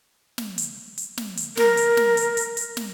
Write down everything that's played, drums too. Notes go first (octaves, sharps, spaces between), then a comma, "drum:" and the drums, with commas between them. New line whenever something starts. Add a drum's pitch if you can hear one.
drum: snare
drum: hi-hat
drum: hi-hat
drum: snare
drum: hi-hat
A#4, drum: snare
drum: hi-hat
drum: snare
drum: hi-hat
drum: hi-hat
drum: hi-hat
drum: snare